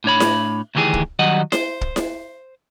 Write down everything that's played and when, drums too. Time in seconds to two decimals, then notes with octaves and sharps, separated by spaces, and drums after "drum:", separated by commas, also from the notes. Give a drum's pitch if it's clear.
0.04 A2 D4 C#5 B5
0.20 drum: snare E4
0.75 D2 D#3 E3 G4 G#4
0.94 drum: kick
1.19 D#3 F#3 G3 D#5 F#5
1.52 C5, drum: snare E4
1.81 drum: kick
1.96 drum: snare E4